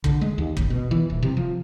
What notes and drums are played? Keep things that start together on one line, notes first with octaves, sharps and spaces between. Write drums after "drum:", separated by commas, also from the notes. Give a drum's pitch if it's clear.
D3, drum: kick
G#3
D#2
F#1, drum: kick
B2
E3
D#1
C3
F3